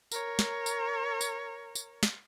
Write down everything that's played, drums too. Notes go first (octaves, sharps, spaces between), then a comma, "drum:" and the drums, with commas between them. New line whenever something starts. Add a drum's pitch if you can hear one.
A#4 C#5, drum: tambourine
drum: snare
drum: tambourine
drum: tambourine
drum: tambourine
drum: snare